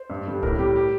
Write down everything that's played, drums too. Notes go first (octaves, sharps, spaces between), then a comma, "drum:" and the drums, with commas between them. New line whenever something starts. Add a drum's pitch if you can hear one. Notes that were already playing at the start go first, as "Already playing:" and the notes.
Already playing: C5
G2
D3 G3
A2 A#4, drum: kick C2
G3 G4
G4